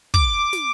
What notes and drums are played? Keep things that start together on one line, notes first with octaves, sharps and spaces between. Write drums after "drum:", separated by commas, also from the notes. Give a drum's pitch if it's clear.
D6, drum: kick
drum: snare